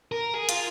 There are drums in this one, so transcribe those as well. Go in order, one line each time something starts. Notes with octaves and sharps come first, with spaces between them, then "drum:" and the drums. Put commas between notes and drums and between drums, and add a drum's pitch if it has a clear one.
A#4
G#4
F4, drum: hi-hat